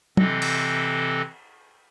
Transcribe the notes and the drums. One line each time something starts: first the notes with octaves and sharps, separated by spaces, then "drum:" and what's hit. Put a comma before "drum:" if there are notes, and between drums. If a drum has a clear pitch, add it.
C3 E3 C4 A4 D#5, drum: tom F#3
drum: cymbal